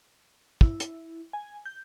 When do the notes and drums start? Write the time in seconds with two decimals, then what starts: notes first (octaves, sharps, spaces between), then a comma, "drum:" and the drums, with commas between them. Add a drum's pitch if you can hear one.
0.61 E4, drum: kick
0.80 drum: hi-hat
1.33 G#5
1.66 G6